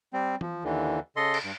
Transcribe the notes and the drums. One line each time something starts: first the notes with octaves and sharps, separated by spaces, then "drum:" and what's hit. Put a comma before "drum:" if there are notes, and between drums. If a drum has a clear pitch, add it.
G3 C4
F3, drum: tom E3
D#2 D3 E3
C#3 A4 D#5 C6
drum: cymbal
G2